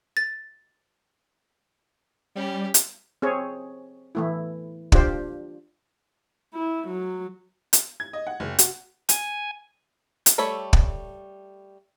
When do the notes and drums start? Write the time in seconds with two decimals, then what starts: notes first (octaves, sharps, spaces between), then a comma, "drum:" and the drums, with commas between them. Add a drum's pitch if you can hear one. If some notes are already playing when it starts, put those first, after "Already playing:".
0.17 A6
2.35 G3 C#4 G4
2.74 drum: hi-hat
3.22 C4 G#4 C#5
4.15 E3 A3 E4
4.92 D4 F4 G4 C5, drum: kick
6.54 E4
6.87 F#3
7.73 drum: hi-hat
8.00 G#6
8.13 D#5
8.27 F#5
8.40 F#1
8.59 F#4, drum: hi-hat
9.09 G#5, drum: hi-hat
10.26 drum: hi-hat
10.38 G3 A3 A4 C#5 B5
10.73 drum: kick